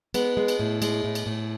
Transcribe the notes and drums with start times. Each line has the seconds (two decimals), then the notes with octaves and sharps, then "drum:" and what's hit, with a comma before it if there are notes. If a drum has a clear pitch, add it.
0.14 G#3 B3, drum: cymbal
0.37 G#3
0.48 drum: cymbal
0.60 A2
0.82 G#3, drum: cymbal
1.04 A2
1.15 drum: cymbal
1.26 A2